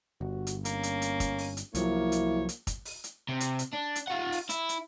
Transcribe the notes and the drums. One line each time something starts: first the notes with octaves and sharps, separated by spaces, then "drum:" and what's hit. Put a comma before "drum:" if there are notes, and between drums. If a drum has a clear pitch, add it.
G1 F#4
drum: hi-hat
A#3 C#4, drum: hi-hat
drum: hi-hat
drum: hi-hat
drum: kick, hi-hat
drum: open hi-hat
drum: hi-hat
C2 F3 F#3 A#3 E4 C#5, drum: hi-hat
drum: hi-hat
drum: hi-hat
drum: kick, hi-hat
drum: open hi-hat
drum: hi-hat
C3
drum: hi-hat
drum: hi-hat
D4
drum: hi-hat
F4 F#5
drum: open hi-hat
E4, drum: hi-hat
drum: hi-hat